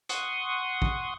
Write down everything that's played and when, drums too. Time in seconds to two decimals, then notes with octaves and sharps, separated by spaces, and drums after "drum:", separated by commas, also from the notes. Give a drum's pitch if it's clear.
0.09 F#5 C6 C#6 D#6, drum: hi-hat
0.82 drum: kick